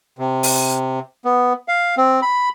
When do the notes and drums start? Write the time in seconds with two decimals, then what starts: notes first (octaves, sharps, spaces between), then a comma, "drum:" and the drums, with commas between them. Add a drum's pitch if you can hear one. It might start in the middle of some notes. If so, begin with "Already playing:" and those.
0.19 C3
0.43 drum: open hi-hat
1.25 B3
1.68 F5
1.98 C4
2.22 B5